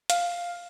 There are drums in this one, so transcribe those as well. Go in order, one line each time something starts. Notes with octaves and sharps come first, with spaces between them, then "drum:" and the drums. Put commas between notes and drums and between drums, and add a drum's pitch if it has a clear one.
F5, drum: hi-hat